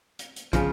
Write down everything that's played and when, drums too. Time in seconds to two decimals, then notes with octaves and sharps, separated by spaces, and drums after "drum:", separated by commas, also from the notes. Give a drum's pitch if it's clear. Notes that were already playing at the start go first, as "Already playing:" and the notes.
0.19 drum: hi-hat
0.36 drum: hi-hat
0.53 C#3 F3, drum: kick, hi-hat